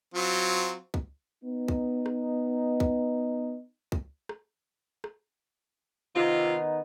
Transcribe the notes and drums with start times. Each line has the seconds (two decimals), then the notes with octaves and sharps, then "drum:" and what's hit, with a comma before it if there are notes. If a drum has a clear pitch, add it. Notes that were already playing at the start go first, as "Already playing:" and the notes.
0.14 F#3 C4 F4
0.94 drum: kick C2
1.45 B3 D#4
1.68 drum: kick C2
2.06 drum: rim click
2.80 drum: kick C2
3.92 drum: kick C2
4.29 drum: rim click
5.04 drum: rim click
6.16 C3 D#3 B3 D#4 F4